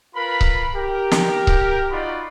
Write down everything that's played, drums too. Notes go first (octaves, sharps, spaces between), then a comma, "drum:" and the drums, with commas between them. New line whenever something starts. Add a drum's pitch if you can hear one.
F4 A#4 B4 B5
drum: kick C#1
G4 A#4
drum: snare
drum: kick C#1
D#4 F4 F#4 D5 D#5 B5